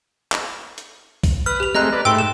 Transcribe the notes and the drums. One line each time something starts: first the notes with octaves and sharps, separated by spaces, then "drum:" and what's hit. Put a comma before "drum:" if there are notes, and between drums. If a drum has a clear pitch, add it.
drum: clap
drum: hi-hat
drum: kick, open hi-hat
B4 F6
G4 F7
G#3 A3 C4 D#5 A#5 F#6
B4 D5
G#2 A3 G5 C6 E6
E7